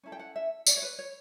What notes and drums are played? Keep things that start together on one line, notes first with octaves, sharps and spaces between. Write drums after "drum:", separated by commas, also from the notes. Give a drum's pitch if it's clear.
C#4 E4 A4
G5
F#5
E5
D5, drum: tambourine
C#5
B4
C#5